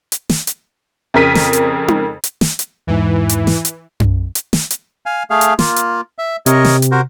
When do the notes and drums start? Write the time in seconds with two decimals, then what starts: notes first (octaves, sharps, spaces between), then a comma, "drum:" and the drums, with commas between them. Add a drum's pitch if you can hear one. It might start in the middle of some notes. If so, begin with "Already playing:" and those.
0.12 drum: hi-hat
0.30 drum: snare
0.47 drum: hi-hat
1.14 F2 C#3 A#4 B6 D#7
1.35 drum: snare
1.53 drum: hi-hat
1.88 drum: tom D#4
2.24 drum: hi-hat
2.41 drum: snare
2.59 drum: hi-hat
2.87 E2 G#2 E3
3.29 drum: hi-hat
3.47 drum: snare
3.65 drum: hi-hat
4.00 drum: tom F#2
4.35 drum: hi-hat
4.53 drum: snare
4.71 drum: hi-hat
5.06 F5 G#5
5.30 A3 G#4 F5
5.41 drum: hi-hat
5.59 A#3 F4, drum: snare
5.76 drum: hi-hat
6.18 E5
6.46 C3 A#4 C#5 D#5, drum: hi-hat
6.65 drum: snare
6.82 drum: hi-hat
6.91 F#4 A#4 C5